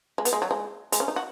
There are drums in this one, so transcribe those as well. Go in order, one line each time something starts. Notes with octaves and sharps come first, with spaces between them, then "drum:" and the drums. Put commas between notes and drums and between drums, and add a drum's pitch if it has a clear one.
G#3
B3, drum: hi-hat
G#3
F#3
G#3
G#3, drum: hi-hat
C#4
D#4
F#4